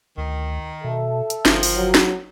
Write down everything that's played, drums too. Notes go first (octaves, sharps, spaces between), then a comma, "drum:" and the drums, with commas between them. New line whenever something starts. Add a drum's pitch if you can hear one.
D2 D#3
B2 A4 E5
drum: hi-hat
G1 D#3 F3, drum: snare
drum: open hi-hat
F#3
drum: snare